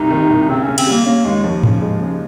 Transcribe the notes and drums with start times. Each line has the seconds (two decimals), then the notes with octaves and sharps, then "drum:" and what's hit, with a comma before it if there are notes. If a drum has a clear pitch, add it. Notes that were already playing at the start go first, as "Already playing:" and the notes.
Already playing: C2 C3 D#4
0.10 D#3
0.30 C2
0.49 C#3 C4
0.64 C#3 C#4
0.78 C4, drum: cymbal
0.87 G3 A#3
1.06 A#3 C#4
1.25 D#2 G#3
1.44 D#2 F3
1.63 C#3, drum: tom G#2
1.82 G#3
2.01 C#3